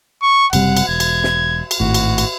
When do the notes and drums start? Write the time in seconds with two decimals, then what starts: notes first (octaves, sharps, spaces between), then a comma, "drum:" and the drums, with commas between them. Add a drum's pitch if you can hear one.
0.22 C#6
0.53 F#1 C3 G3 F#5, drum: cymbal
0.77 drum: cymbal
0.89 E1 G#6
1.00 drum: cymbal
1.24 drum: snare
1.71 drum: cymbal
1.80 G#1 A2 F#4
1.94 drum: cymbal
2.18 drum: cymbal